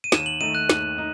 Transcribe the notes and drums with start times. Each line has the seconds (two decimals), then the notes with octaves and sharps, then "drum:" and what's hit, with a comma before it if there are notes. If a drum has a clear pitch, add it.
0.04 D#7
0.12 D#2 E7, drum: snare
0.26 F#7
0.41 D#3 A3 D#4 D#7
0.55 F#6
0.70 D#2, drum: snare
0.98 D#4